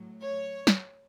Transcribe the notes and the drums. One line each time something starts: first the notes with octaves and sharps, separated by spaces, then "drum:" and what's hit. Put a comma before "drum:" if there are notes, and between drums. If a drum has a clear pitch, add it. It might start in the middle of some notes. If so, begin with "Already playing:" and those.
Already playing: A2 F#3
C#5
drum: snare